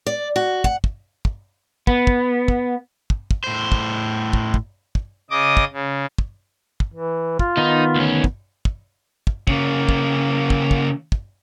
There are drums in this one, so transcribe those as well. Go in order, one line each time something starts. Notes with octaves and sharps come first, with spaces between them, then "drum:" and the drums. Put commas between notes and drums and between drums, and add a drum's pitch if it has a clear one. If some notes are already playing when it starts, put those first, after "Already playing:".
D5
F#4
F#5, drum: kick
drum: kick
drum: kick
B3, drum: kick
drum: kick
drum: kick
drum: kick
drum: kick
A2 C5
drum: kick
drum: kick
drum: kick
drum: kick
C#3 D#5 D6 D#6
drum: kick
C#3
drum: kick
drum: kick
E3
F4, drum: kick
D#3 B3 D#4
D2 C#4
drum: kick
drum: kick
drum: kick
C#3 A#3, drum: kick
drum: kick
drum: kick
drum: kick
drum: kick